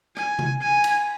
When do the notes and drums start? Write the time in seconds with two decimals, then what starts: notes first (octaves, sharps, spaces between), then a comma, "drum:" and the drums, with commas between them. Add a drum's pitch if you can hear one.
0.17 G#5, drum: rim click
0.39 drum: tom C3
0.62 G#5
0.84 drum: cymbal